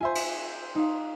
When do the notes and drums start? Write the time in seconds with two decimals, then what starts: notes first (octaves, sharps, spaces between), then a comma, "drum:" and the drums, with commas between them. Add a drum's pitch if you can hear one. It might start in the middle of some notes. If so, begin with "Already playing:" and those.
0.01 F4 C5 E5 G#5
0.15 drum: cymbal
0.75 D#4 F5